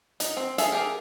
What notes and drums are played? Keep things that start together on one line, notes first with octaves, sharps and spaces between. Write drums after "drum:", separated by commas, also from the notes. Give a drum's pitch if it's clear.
D#4, drum: hi-hat
C4
G#4 A4 E5 F5, drum: hi-hat
G4 G#4 A#4